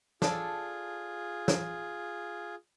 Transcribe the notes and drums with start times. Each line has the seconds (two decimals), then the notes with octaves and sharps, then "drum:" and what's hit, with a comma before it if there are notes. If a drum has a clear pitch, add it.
0.22 D4 F4 G#4 A4, drum: snare
1.48 drum: snare